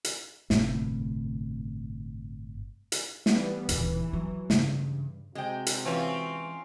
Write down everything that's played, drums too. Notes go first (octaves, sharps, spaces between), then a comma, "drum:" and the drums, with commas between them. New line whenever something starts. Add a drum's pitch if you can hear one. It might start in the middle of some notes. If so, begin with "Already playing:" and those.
drum: hi-hat
G1 A2 C3, drum: snare
drum: hi-hat
E3 G3 B3, drum: snare
D#1 C#3 E3, drum: hi-hat
F#3
G2 C#3 E3, drum: snare
C3 G#3 F#4 G5
drum: hi-hat
E3 C4 C#4 F4